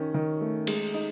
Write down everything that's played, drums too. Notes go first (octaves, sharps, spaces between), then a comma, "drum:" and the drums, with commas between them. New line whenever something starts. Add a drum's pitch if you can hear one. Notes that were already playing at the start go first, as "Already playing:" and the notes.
Already playing: D#3 C#4
D#3
A3
G#3, drum: cymbal
D#4